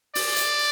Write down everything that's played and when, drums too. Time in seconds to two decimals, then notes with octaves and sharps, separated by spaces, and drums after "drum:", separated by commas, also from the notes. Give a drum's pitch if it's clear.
0.15 D5, drum: open hi-hat
0.36 drum: hi-hat